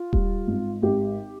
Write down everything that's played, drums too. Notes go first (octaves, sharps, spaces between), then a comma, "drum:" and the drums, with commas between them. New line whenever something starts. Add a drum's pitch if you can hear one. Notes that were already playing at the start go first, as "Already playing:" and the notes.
Already playing: F4
G3, drum: kick D#1
G#1
G#1 G4